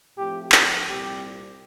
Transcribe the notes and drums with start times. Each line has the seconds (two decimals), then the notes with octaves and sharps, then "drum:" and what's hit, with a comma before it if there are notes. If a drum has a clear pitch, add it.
0.17 A2 F3 A3 C4 G4
0.52 drum: clap
0.86 C2 A#2 G3 C4 G4